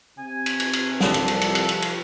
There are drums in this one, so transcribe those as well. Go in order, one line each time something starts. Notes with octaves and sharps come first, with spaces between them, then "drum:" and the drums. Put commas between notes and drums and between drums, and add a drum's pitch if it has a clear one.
C3 G#5
drum: cymbal
drum: cymbal
drum: cymbal
C2 F3 G4 A4, drum: snare
drum: cymbal
drum: cymbal
drum: cymbal
drum: cymbal
drum: cymbal
drum: cymbal